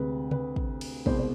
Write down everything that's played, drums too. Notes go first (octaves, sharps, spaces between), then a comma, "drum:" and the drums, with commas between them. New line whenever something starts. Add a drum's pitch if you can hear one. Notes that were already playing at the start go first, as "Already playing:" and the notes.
Already playing: D2 C3 G#3 B4
B4, drum: tom C3
drum: kick
drum: cymbal
C2 B2 G#3 C5, drum: kick
C5